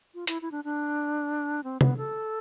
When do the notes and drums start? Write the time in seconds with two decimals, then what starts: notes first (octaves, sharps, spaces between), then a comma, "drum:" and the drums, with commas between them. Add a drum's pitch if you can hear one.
0.15 F4
0.27 E4, drum: hi-hat
0.42 E4
0.52 D4
0.64 D4
1.64 C4
1.81 B3, drum: tom C3
1.97 A4